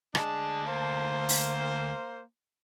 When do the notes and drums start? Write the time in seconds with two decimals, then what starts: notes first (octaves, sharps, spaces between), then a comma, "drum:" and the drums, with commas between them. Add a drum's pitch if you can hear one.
0.15 D2 G#3 D4 A5, drum: rim click
0.66 A#3 C5
1.29 drum: open hi-hat